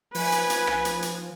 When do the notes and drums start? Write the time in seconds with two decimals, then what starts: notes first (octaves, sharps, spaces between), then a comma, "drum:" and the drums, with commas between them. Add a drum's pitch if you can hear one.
0.15 F3 B4 G#5, drum: open hi-hat
0.32 drum: hi-hat
0.50 drum: hi-hat
0.67 drum: rim click
0.85 drum: hi-hat
1.02 drum: hi-hat